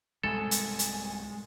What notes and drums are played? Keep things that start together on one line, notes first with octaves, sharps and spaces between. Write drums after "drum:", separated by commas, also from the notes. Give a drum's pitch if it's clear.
C2 G#2 B2 G#3 A4 G#5
drum: hi-hat
drum: hi-hat